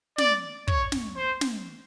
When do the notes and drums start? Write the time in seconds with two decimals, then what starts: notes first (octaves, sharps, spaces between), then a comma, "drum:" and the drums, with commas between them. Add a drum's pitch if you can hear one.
0.18 D5, drum: snare
0.68 C#5, drum: kick
0.92 drum: snare
1.17 C5
1.41 drum: snare